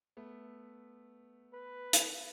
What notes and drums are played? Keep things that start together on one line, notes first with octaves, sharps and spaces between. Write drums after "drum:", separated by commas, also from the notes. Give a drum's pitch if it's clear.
A3 B3
B4
drum: hi-hat